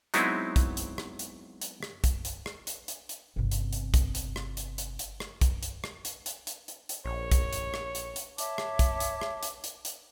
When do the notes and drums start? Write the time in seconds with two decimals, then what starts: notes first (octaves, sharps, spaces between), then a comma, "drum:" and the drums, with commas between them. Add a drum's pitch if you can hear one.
0.14 F#3 G#3 B3 C4 D#4 E4, drum: hi-hat
0.56 drum: kick, hi-hat
0.77 drum: hi-hat
0.98 drum: rim click
1.19 drum: hi-hat
1.61 drum: hi-hat
1.83 drum: rim click
2.04 drum: kick, hi-hat
2.25 drum: hi-hat
2.46 drum: rim click
2.67 drum: hi-hat
2.88 drum: hi-hat
3.09 drum: hi-hat
3.36 G1 C3
3.51 drum: hi-hat
3.73 drum: hi-hat
3.94 drum: kick, hi-hat
4.15 drum: hi-hat
4.36 drum: rim click
4.57 drum: hi-hat
4.78 drum: hi-hat
4.99 drum: hi-hat
5.20 drum: rim click
5.41 drum: kick, hi-hat
5.63 drum: hi-hat
5.84 drum: rim click
6.05 drum: hi-hat
6.26 drum: hi-hat
6.47 drum: hi-hat
6.68 drum: hi-hat
6.89 drum: hi-hat
7.05 A#1 C#5
7.31 drum: kick, hi-hat
7.53 drum: hi-hat
7.74 drum: rim click
7.95 drum: hi-hat
8.16 drum: hi-hat
8.38 C#5 E5 A5 D6, drum: hi-hat
8.58 drum: rim click
8.79 drum: kick, hi-hat
9.00 drum: hi-hat
9.21 drum: rim click
9.43 drum: hi-hat
9.64 drum: hi-hat
9.85 drum: hi-hat